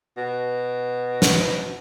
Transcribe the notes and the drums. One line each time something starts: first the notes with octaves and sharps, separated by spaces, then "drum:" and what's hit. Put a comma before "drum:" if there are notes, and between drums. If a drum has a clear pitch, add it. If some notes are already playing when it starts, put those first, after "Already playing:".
B2
drum: snare